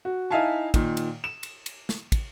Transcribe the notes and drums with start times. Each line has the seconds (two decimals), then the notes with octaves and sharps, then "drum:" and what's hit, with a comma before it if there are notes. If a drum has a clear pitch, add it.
0.05 F#4
0.30 D#4 E4 E5 F5 G#5 A5
0.74 A#2 D#3, drum: kick, cymbal
0.97 drum: cymbal
1.24 E7
1.43 drum: cymbal
1.66 drum: cymbal
1.89 drum: snare
2.12 drum: kick, cymbal